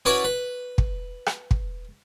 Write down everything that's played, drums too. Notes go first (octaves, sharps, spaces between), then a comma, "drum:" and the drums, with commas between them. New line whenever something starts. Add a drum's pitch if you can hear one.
C#4 E4 F#4 B4 C#5 D5
B4
drum: kick
drum: rim click
drum: kick